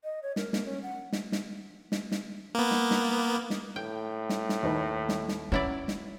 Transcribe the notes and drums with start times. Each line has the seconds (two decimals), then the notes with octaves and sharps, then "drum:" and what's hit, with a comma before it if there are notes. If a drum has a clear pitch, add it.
0.04 D#5
0.23 C#5
0.36 A#4, drum: snare
0.53 A#3, drum: snare
0.65 C#4
0.83 F#5
1.13 drum: snare
1.32 drum: snare
1.92 drum: snare
2.12 drum: snare
2.55 A#3 B3
2.71 drum: snare
2.91 drum: snare
3.50 drum: snare
3.76 A2 G5
4.29 drum: snare
4.49 drum: snare
4.63 D#2 D#4 B4
5.09 drum: snare
5.29 drum: snare
5.52 F#3 C#4 E4 D5
5.88 drum: snare